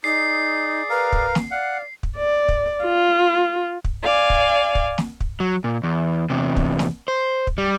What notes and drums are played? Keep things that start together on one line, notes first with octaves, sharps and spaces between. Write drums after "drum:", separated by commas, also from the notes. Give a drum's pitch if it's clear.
D#4 G#4 D5 C7
A#4 B4 F5
drum: kick
drum: snare
D5 F5 F#5
drum: kick
D5
drum: kick
F4
drum: kick
D5 F5 G#5
drum: kick
drum: kick
drum: snare
drum: kick
F#3
A#2
E2
E2 C3
drum: kick
drum: snare
C5
drum: kick
G3